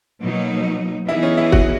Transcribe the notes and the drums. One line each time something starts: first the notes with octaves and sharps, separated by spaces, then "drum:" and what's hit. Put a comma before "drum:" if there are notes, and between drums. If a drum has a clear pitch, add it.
B2 F#3 A#3 D#4
E3 B3 D#4 E4 G#4
C#4
E4
F#4, drum: kick